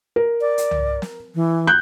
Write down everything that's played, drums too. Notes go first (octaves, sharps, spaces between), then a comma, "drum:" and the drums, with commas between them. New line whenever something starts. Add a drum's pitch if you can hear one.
A#4
D5
drum: hi-hat
drum: tom
drum: snare
E3
F#6 G6